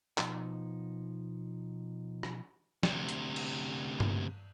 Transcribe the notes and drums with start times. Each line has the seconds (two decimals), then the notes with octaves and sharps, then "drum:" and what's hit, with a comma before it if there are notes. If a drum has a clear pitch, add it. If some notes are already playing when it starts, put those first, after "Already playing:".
0.18 B2 F3 D#4, drum: clap
2.23 drum: rim click
2.83 D2 C3, drum: snare
3.09 drum: hi-hat
3.36 drum: cymbal
4.00 drum: tom G2